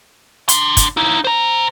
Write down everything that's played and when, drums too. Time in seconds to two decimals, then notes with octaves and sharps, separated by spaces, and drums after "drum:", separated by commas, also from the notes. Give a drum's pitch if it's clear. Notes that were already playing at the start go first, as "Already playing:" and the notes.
0.49 D4 C6, drum: hi-hat
0.77 drum: kick, hi-hat
0.97 D#4 E4
1.24 C5 A#5